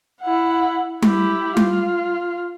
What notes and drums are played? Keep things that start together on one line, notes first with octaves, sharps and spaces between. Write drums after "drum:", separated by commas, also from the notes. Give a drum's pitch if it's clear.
E4 F#5
E4 G4, drum: tom G3
F4, drum: tom G3